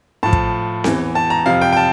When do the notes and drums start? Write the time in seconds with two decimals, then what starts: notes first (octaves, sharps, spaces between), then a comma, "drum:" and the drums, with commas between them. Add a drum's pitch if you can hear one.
0.23 A2 F3 A5
0.33 drum: kick
0.84 E2 E3, drum: snare C4
1.15 A5
1.30 A#5
1.46 F2 C3 F3 F5
1.61 G5
1.72 G5
1.77 A5